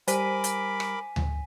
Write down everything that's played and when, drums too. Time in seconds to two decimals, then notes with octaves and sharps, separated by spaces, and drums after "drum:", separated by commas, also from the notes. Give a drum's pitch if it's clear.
0.08 G3 A#4 C5 G#5 B5 D6 B6 D#7, drum: hi-hat
0.44 drum: hi-hat
0.80 drum: rim click
1.16 drum: tom D2